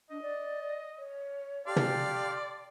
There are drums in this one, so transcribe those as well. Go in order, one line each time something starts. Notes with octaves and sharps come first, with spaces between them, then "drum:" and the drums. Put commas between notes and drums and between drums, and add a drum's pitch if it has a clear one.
D4 D#5
D5
C#5
G4 A4 D5 F5 C6
drum: tom